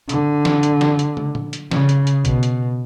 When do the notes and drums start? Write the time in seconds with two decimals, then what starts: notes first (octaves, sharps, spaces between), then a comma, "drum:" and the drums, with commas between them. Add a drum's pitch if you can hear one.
0.09 D3, drum: hi-hat
0.45 drum: snare
0.63 drum: hi-hat
0.81 drum: snare
0.99 drum: hi-hat
1.17 drum: tom
1.35 drum: tom
1.53 drum: hi-hat
1.71 C#3, drum: snare
1.89 drum: hi-hat
2.07 drum: hi-hat
2.25 B2, drum: kick, hi-hat
2.43 drum: hi-hat